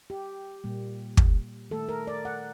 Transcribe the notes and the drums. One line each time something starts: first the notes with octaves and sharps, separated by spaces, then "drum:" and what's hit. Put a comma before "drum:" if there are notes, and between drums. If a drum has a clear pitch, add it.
G4
A#2 G3 A#3
drum: kick
D#3 A3 A4
A#4
D5
F#5